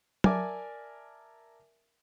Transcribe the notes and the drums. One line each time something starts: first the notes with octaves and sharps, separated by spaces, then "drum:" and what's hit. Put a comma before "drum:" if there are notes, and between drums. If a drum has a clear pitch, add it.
A#4 D5 E5 G#5 A5 D6, drum: tom